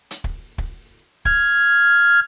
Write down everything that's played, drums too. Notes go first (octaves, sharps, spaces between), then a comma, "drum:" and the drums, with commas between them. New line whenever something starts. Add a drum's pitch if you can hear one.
drum: hi-hat
drum: kick
drum: kick
F6 G#6, drum: kick